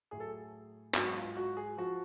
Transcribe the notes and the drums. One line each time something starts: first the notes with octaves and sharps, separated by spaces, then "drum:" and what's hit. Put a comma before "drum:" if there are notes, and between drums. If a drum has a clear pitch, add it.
A2 F#3 G#4
A4
G#4
G#2 F#3 F#4, drum: clap
F4
F#4
G#4
F3 F#4